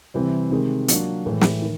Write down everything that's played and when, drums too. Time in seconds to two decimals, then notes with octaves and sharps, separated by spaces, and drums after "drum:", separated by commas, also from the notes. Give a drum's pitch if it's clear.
0.14 C3 E3 G3 C4
0.50 C3 D#3 G#3
0.88 F#3 A#3 D4 F4, drum: hi-hat
1.26 A2 E3 G#3
1.41 drum: snare
1.62 D#3